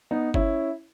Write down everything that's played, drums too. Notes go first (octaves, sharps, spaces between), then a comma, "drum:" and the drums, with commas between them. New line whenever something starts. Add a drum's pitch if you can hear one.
B3 D#4
C#4 E4, drum: kick G1